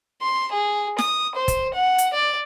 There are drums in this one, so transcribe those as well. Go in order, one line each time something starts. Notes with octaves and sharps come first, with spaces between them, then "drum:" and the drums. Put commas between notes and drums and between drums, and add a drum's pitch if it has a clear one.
C6
G#4
D#6, drum: snare
C5
drum: kick, hi-hat
F#5
drum: hi-hat
D5